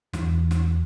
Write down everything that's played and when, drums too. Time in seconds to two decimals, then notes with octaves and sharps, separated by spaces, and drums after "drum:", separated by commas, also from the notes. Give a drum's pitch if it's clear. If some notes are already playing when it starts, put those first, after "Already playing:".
0.13 E2, drum: snare
0.51 drum: snare